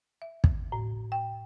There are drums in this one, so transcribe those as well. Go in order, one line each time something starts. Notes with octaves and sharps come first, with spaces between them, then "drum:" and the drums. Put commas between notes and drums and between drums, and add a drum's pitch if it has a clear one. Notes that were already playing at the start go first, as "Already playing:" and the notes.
E5
drum: kick
A2
G5